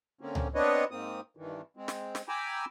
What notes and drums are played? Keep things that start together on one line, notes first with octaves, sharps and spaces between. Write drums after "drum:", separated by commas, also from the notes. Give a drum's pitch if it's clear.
D3 A#3 C4 C#4
drum: tom C#2
B3 C4 D4 B4 C#5 D#5
G#2 A#3 C4 D#6
G2 D#3 E3
G#3 C4
drum: snare
drum: snare
G5 G#5 A#5 B5 D6 E6